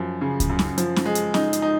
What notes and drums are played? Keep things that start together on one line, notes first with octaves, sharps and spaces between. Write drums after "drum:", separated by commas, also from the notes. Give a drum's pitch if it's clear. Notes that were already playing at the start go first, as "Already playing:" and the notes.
Already playing: F#2 F3
C#3
drum: kick C#2, hi-hat
F#2
drum: snare
F3, drum: hi-hat
drum: snare
G#3
drum: hi-hat
D#4, drum: snare
drum: hi-hat
D#4